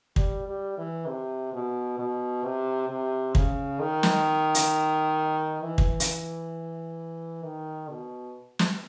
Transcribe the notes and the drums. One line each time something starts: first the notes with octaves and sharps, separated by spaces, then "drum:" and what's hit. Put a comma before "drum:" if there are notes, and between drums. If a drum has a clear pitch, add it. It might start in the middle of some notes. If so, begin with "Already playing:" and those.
G3, drum: kick
G3
E3
C3
B2
B2
C3
C3
C#3, drum: kick
D#3
drum: snare
drum: hi-hat
E3
drum: kick
drum: hi-hat
D#3
B2
drum: snare